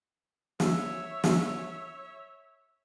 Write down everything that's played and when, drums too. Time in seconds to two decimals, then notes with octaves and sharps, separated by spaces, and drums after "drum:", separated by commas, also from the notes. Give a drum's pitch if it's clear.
0.60 C#5 E5, drum: snare
1.24 drum: snare